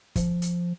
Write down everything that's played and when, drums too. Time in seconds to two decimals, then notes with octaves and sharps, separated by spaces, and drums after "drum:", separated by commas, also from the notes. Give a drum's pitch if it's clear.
0.16 F3, drum: kick, hi-hat
0.42 drum: hi-hat